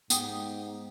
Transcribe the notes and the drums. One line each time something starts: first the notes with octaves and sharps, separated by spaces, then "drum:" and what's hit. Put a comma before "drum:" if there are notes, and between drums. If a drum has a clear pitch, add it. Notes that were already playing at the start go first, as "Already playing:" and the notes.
G#2 B3 G4 G5 D#6, drum: tambourine